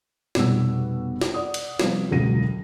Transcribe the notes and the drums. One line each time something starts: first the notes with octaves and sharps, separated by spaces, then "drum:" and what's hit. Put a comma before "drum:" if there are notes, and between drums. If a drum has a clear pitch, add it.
F1 B2 G3 F#5 E6, drum: snare
drum: snare
D5 F#5 D#6
drum: cymbal
C3 F3 G3 B3 C4, drum: snare
E1 C#2 D3 F#3 A#6 D#7